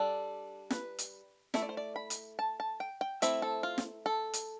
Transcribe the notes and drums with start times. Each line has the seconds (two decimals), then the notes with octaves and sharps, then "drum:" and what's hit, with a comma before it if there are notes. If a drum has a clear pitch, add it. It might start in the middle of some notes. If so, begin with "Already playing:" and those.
Already playing: G3 D4 A4
0.71 B4, drum: snare
0.99 drum: hi-hat
1.54 A3 E4 E5, drum: snare
1.62 D5
1.69 C5
1.77 D5
1.96 B5
2.10 drum: hi-hat
2.39 A5
2.60 A5
2.80 G5
3.01 G5
3.22 A3 C4 E4 E5, drum: hi-hat
3.42 A4
3.63 F4
3.78 drum: snare
4.06 A4
4.33 drum: hi-hat